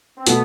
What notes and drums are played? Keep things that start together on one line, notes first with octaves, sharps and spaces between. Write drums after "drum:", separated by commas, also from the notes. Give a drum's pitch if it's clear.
C4
B2 A3 B3, drum: hi-hat